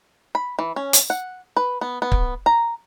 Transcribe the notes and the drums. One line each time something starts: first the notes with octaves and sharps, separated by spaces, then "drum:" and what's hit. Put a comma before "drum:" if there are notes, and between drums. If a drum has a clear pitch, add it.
B5
E3
C#4
drum: hi-hat
F#5
B4
B3
B3
drum: kick
A#5